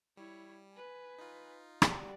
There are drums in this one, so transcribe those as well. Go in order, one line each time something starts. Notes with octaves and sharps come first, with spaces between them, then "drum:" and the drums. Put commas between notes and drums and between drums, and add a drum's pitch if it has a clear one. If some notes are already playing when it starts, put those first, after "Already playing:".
G3 E4 C#5
B4 G#5
D#4 F4
G3 F#4 D5, drum: rim click